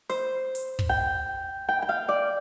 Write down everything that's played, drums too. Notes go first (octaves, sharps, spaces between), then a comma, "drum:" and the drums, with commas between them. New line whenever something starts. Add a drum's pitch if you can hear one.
C5, drum: open hi-hat
drum: hi-hat
drum: kick
G5
G5
G5
F5
D5